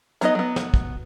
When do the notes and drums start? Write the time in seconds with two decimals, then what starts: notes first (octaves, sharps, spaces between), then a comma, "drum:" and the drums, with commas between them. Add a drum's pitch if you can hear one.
0.21 F#3 B3 D#4 D#5, drum: hi-hat
0.35 F#3 B3
0.56 drum: snare
0.74 drum: kick